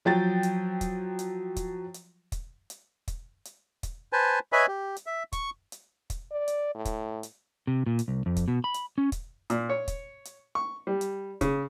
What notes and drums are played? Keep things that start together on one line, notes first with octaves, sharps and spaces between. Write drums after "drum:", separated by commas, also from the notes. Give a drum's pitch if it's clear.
F3 F#3 G5 A6
drum: hi-hat
drum: kick, hi-hat
drum: hi-hat
drum: kick, hi-hat
drum: hi-hat
drum: kick, hi-hat
drum: hi-hat
drum: kick, hi-hat
drum: hi-hat
drum: kick, hi-hat
B4 C5 G#5 A5
B4 C#5 D#5 E5 G#5 B5
G4
drum: hi-hat
E5
C#6, drum: kick, hi-hat
drum: hi-hat
drum: kick, hi-hat
D5
drum: hi-hat
A2
drum: kick, hi-hat
drum: hi-hat
C3
A#2
drum: hi-hat
C2
F2
drum: kick, hi-hat
B2
B5
drum: hi-hat
C#4
drum: kick, hi-hat
A#2, drum: hi-hat
C#5
drum: kick, hi-hat
drum: hi-hat
C#6
G3
drum: hi-hat
C#3, drum: kick, hi-hat